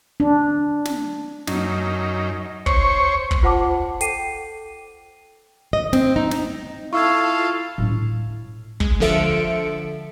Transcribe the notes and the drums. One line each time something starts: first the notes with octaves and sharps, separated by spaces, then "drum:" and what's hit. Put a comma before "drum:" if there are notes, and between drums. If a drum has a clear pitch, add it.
D4
drum: snare
F#2 D#4, drum: snare
C5 C#5 C#6, drum: kick
drum: kick
F4 C5 F#5 A5 D6
A4 G5 C7 D#7, drum: hi-hat
D#5
C4, drum: snare
D#4
drum: snare
E4 F4 A4 F5 A5 C#6 E6 G#6
A2 D4
G#3, drum: kick
D3 F3 A4 E5 C#7 D7